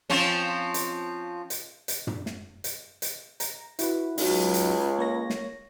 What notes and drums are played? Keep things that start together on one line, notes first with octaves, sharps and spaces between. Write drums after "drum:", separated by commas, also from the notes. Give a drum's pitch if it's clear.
F3 C4 C#4
drum: hi-hat
drum: hi-hat
drum: hi-hat
drum: tom
drum: snare
drum: hi-hat
drum: hi-hat
A#5, drum: hi-hat
E4 F#4 B4, drum: hi-hat
C#2 F#3 D#4, drum: open hi-hat
drum: hi-hat
A#3 C#5 A#6
drum: snare